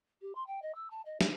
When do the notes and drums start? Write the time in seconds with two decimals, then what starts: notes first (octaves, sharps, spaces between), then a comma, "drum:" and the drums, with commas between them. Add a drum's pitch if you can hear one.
0.21 G4
0.35 C6
0.47 G5
0.62 D#5
0.75 E6
0.90 A5
1.06 D#5
1.21 D#4, drum: snare